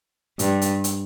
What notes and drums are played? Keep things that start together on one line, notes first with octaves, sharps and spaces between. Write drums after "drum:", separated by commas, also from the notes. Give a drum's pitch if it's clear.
G2, drum: hi-hat
drum: hi-hat
drum: hi-hat